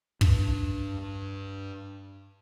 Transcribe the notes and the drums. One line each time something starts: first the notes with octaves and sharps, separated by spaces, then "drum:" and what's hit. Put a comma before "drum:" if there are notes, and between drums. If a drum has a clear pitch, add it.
G2 D4, drum: kick